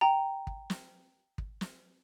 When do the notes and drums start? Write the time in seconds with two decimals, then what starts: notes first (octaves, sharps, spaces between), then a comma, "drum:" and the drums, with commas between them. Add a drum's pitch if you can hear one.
0.01 G5 A#5
0.47 drum: kick
0.70 drum: snare
1.38 drum: kick
1.61 drum: snare